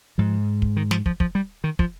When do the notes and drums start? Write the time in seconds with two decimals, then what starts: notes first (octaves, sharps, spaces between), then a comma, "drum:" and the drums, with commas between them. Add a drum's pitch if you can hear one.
0.18 G#2 F3
0.62 drum: kick
0.77 D#3
0.91 F3, drum: snare
1.06 F3, drum: kick
1.20 F3, drum: kick
1.35 G3
1.64 D#3
1.79 F3, drum: kick